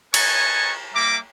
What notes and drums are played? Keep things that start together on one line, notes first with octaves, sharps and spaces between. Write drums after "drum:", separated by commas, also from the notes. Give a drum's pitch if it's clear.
B4 C#5 D#5 G#5 A5 C#6, drum: cymbal
G3 A#3 E5 A#5 D6